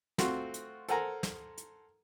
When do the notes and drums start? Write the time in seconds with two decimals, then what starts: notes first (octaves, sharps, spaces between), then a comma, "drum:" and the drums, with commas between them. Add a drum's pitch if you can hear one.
0.18 A3 C4 F4 F#4, drum: snare
0.54 drum: hi-hat
0.89 A4 A#4 C5 F#5 G#5 A#5, drum: hi-hat
1.23 drum: snare
1.58 drum: hi-hat